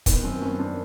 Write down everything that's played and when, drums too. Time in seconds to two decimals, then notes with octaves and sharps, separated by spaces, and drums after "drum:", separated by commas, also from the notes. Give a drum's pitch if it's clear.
0.06 D#3 B3, drum: kick, hi-hat
0.23 F#2 C4
0.41 F#2 B3 C#4
0.59 F#2 C4 D4